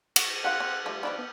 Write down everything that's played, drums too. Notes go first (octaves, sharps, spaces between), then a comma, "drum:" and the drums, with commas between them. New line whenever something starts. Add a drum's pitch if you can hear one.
F#4, drum: cymbal
D#3 C4 F5 F#5
C4
D3 F3 G3 A3
D#3 F3 D4 B5
B3